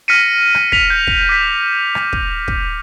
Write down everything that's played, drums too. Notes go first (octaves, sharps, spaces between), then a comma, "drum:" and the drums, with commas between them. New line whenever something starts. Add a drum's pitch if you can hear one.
F6 A#6 B6 C#7 D#7
drum: rim click
B6 D#7 F7, drum: kick
G6
drum: kick
D6 B6
drum: rim click
drum: kick
drum: kick